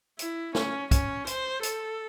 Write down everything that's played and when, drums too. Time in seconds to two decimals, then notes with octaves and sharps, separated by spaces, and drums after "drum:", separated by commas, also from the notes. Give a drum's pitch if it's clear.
0.19 E4, drum: hi-hat
0.55 C#4, drum: snare
0.91 C#4, drum: kick, hi-hat
1.27 C5, drum: hi-hat
1.63 A4, drum: hi-hat